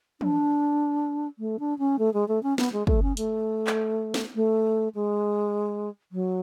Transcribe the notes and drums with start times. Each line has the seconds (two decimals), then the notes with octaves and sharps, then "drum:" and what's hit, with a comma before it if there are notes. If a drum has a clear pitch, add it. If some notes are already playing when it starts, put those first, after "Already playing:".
0.21 D4, drum: tom E3
1.39 A3
1.59 D4
1.79 C#4
1.99 A3
2.14 G#3
2.28 A3
2.43 C#4
2.58 B3, drum: snare
2.73 G#3
2.87 A3, drum: kick
3.03 C#4
3.17 A3, drum: hi-hat
3.67 drum: clap
4.14 drum: snare
4.35 A3
4.95 G#3
6.12 F#3